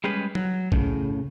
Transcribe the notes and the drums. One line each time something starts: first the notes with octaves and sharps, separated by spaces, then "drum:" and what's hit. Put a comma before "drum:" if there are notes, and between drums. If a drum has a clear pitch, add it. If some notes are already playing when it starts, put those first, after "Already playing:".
G3 G#3 C#4 G4 G#4 B4
F#3, drum: tom F#3
A2 C#3, drum: kick